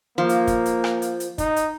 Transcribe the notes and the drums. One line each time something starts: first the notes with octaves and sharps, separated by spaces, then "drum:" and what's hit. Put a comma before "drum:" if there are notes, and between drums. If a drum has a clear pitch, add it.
F3 A#3
drum: hi-hat
drum: kick, hi-hat
drum: hi-hat
drum: rim click
drum: hi-hat
drum: hi-hat
D#4, drum: kick, hi-hat
drum: hi-hat